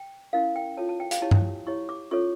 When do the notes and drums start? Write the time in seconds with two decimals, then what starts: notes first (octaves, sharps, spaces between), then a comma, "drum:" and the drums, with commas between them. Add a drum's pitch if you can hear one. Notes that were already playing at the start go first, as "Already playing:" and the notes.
Already playing: G5
0.33 C#4 E4 A#4 F5
0.56 G5
0.77 F4 A4 C#5 A5
0.89 A5
1.00 G5
1.11 F5, drum: hi-hat
1.22 E4 G4 C#5 A5
1.31 drum: tom G2
1.67 E4 G4 C#5 C#6
1.89 D6
2.11 C#4 F4 A4 C#5 C#6